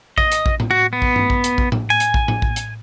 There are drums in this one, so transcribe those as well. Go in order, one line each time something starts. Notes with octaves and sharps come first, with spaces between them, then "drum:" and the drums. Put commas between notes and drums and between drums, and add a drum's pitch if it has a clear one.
D#5, drum: kick A#1
drum: hi-hat
drum: kick A#1
drum: tom A2
F#4
B3
drum: kick A#1
drum: tom G2
drum: kick A#1
drum: hi-hat
drum: kick A#1
drum: tom A2
G#5
drum: hi-hat
drum: kick A#1
drum: tom A2
drum: kick A#1
drum: hi-hat